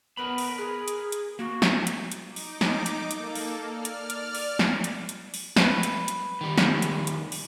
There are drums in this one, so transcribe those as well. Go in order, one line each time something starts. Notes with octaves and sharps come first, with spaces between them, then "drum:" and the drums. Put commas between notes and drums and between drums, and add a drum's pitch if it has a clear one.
B3 A#4 B4 B5
drum: open hi-hat
G#4
drum: hi-hat
drum: hi-hat
A#3 F#4
drum: snare
drum: hi-hat
drum: hi-hat
D#4 D6
drum: open hi-hat
drum: snare
drum: hi-hat
A#3 A4, drum: hi-hat
drum: open hi-hat
D5 F6
drum: hi-hat
drum: hi-hat
drum: open hi-hat
drum: snare
drum: hi-hat
drum: hi-hat
drum: open hi-hat
B4, drum: snare
drum: hi-hat
drum: hi-hat
D#3 G3
drum: snare
drum: hi-hat
drum: hi-hat
drum: open hi-hat